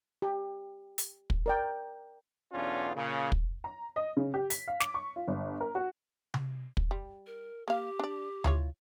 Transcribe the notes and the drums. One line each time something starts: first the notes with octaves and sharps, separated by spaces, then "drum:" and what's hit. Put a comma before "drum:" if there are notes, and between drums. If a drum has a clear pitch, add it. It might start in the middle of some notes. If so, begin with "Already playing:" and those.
G4
drum: hi-hat
drum: kick
A#4 D5 G5
B1 E2 C#4 D4 F4
A#2 C#3
drum: kick
A#5
D#5
C#3
G4
B6, drum: hi-hat
F5
D6, drum: snare
C#6
F4
G1
A#4
F#4
drum: tom C3
drum: kick
G3
A#4
A#3 G4 F5
D4 D5
E4 F4 C#5, drum: tom D2